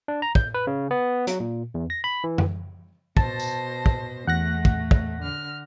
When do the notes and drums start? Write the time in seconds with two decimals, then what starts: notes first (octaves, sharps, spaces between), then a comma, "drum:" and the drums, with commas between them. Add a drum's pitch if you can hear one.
0.08 D4
0.22 A#5
0.35 G6, drum: kick
0.54 B4
0.67 C#3
0.91 B3
1.27 F#3, drum: hi-hat
1.40 A#2
1.74 E2
1.90 A#6
2.04 B5
2.24 E3
2.38 drum: tom F#2
3.17 B2 C5 A5 A#6, drum: kick
3.39 drum: tambourine
3.86 drum: kick
4.27 E2 A3 F#5 F#6 A#6
4.65 drum: kick
4.91 drum: kick
5.22 D3 F6